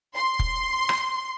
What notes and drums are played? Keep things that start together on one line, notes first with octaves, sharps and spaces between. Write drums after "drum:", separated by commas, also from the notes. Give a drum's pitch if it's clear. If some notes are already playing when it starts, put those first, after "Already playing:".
C6
drum: kick
drum: rim click